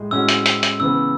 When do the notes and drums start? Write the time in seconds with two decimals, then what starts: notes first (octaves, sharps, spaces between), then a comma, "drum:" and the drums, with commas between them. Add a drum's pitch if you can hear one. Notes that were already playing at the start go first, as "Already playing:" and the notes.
Already playing: A2 G#3
0.11 A2 G#3 C#4 F#4 E6
0.29 drum: hi-hat
0.46 drum: hi-hat
0.63 drum: hi-hat
0.80 C#3 E3 B3 E6